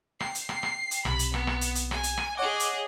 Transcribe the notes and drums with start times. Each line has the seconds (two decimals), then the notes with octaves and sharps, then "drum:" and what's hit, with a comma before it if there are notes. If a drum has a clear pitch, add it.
0.20 G5 C7, drum: rim click
0.35 drum: hi-hat
0.49 drum: rim click
0.63 drum: rim click
0.91 drum: hi-hat
1.05 B1 C3 B5, drum: rim click
1.19 drum: hi-hat
1.34 B3, drum: rim click
1.47 drum: rim click
1.61 drum: hi-hat
1.75 drum: hi-hat
1.91 G#5, drum: rim click
2.03 drum: hi-hat
2.17 drum: rim click
2.37 G#4 C#5 D#5 F#5 D6
2.60 drum: hi-hat